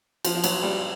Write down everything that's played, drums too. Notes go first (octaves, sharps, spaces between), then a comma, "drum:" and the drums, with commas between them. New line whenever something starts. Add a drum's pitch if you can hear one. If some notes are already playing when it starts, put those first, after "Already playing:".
F3, drum: cymbal
F3
F#3, drum: cymbal
G3